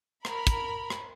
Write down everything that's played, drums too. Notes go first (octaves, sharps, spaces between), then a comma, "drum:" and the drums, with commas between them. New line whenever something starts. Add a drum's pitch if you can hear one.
A#4 B5, drum: rim click
drum: kick, hi-hat
drum: rim click